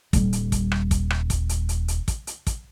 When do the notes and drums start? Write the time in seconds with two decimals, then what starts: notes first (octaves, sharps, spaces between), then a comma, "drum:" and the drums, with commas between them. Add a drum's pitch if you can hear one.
0.13 D#1 G3, drum: kick, hi-hat
0.33 drum: hi-hat
0.52 drum: kick, hi-hat
0.72 drum: rim click
0.91 drum: kick, hi-hat
1.10 drum: rim click
1.30 drum: kick, hi-hat
1.49 drum: hi-hat
1.69 drum: hi-hat
1.88 drum: hi-hat
2.08 drum: kick, hi-hat
2.27 drum: hi-hat
2.47 drum: kick, hi-hat